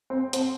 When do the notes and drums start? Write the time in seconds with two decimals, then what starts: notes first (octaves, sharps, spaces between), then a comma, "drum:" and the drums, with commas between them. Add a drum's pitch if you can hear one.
0.10 C4
0.33 C4, drum: hi-hat